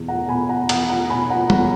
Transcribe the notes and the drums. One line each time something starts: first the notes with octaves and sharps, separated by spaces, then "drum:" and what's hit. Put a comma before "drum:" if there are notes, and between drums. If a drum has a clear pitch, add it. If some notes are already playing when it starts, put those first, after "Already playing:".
Already playing: E2 B2
F#5 A#5
B2 G#5 B5
F#5 A#5
E2 F#5 A#5, drum: cymbal
F#5 A#5
B2 G#5 B5
F#5 A#5
E2 F#5 A#5, drum: tom